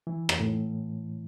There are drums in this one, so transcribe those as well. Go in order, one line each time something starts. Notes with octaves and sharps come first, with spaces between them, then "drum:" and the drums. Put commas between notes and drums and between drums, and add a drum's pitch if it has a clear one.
E3
drum: rim click
A2